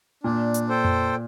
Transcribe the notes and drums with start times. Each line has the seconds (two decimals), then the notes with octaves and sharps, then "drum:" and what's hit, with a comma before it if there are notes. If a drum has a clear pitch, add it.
0.23 A#2 D4
0.54 drum: hi-hat
0.69 A4 C5 G5
0.85 drum: tom F2